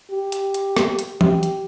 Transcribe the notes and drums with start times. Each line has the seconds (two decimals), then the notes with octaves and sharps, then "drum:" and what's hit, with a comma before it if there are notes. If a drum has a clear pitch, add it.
0.11 G4
0.32 drum: hi-hat
0.54 drum: hi-hat
0.77 drum: rim click
0.99 drum: hi-hat
1.21 G4, drum: tom E3
1.43 drum: hi-hat